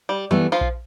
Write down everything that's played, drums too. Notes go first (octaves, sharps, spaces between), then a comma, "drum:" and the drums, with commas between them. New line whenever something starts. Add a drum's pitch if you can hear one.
G3
E3 G3 A3 B3
F3 F4
drum: kick A#1